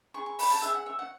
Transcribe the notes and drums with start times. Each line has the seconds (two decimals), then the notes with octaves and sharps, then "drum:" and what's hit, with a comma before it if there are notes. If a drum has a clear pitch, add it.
0.14 G#4 C#6
0.26 C#6
0.39 C#5 B5, drum: open hi-hat
0.51 A5
0.62 G#4 E5
0.74 F#5
0.86 C#5 E5
0.99 F#5